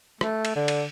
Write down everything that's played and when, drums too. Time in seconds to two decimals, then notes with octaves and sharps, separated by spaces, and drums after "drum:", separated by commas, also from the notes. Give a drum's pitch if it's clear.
0.21 A3, drum: rim click
0.45 drum: cymbal
0.56 D3
0.68 drum: cymbal